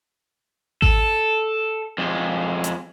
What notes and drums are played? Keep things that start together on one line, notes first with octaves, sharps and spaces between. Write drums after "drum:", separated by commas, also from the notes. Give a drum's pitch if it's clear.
A4, drum: kick G#1
F2 G#3
drum: hi-hat